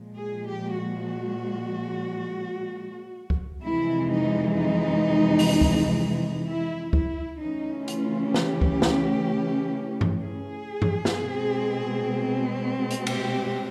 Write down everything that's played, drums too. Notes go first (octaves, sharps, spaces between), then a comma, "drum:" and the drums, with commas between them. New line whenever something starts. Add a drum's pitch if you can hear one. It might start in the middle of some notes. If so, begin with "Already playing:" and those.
Already playing: A#2 F3 G#3
G#4
G4
F#4
drum: kick C#2
F2 C3 E3 G#3 E4
D#4
D#4
drum: open hi-hat
drum: kick C#2
E4
E4, drum: kick C#2
C#3 E3 A3 C#4 D#4
F4, drum: hi-hat
G4, drum: snare
drum: kick C#2
drum: snare
drum: tom G2
G#4
drum: tom G2
drum: snare
B2 G#3 C4
drum: hi-hat
G4, drum: cymbal